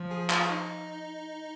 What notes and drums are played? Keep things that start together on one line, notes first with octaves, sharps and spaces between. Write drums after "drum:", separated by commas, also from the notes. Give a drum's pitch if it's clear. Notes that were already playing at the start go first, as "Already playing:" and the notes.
Already playing: F3
G#4 G#5
F4 F5, drum: clap
D#4 D#5